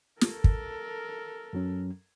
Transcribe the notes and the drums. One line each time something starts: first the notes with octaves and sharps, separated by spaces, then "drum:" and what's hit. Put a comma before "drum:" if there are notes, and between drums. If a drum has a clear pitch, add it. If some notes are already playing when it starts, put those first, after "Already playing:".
A4 A#4, drum: snare
drum: kick
F#2 F#3 C#4